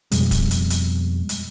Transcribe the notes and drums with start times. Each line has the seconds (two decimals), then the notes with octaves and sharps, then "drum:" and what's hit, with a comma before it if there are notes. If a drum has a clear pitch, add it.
0.11 F2 B2 G3 G#3, drum: hi-hat
0.31 drum: kick D1, hi-hat
0.51 drum: hi-hat
0.70 drum: hi-hat
1.29 drum: hi-hat